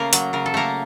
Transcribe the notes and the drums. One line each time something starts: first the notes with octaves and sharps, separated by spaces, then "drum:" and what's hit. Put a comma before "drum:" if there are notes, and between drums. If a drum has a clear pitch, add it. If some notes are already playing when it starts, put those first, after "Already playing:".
Already playing: C#3 A3 A#3 A#4
F#3, drum: hi-hat
C#3 A#4
A4
A3 A#3 A#4